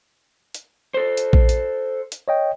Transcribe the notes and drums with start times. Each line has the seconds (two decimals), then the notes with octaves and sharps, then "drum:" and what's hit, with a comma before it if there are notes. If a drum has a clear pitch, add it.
0.55 drum: hi-hat
0.94 A4 C5
1.17 drum: hi-hat
1.33 drum: kick A#1
1.49 drum: hi-hat
2.12 drum: hi-hat
2.28 C#5 D#5 G5